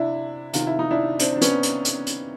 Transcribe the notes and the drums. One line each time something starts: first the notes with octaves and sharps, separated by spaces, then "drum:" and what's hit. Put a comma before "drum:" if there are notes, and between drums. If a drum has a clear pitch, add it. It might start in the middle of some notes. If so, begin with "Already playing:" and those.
Already playing: C3 D4 E4
C3 D#3 F4, drum: hi-hat
E4
D#4
D4 E4
C4 D4, drum: hi-hat
D4
B3 C#4, drum: hi-hat
drum: hi-hat
drum: hi-hat
drum: hi-hat